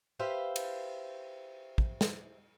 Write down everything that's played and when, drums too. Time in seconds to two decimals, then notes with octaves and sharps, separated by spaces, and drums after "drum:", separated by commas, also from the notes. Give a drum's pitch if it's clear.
0.19 G4 B4 C5 E5 F5
0.56 drum: cymbal
1.78 drum: kick
2.01 drum: snare